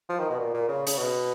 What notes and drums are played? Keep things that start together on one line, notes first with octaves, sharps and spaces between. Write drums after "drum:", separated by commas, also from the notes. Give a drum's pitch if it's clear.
F3
D#3
B2
A#2
A#2
C#3
C#3, drum: hi-hat
B2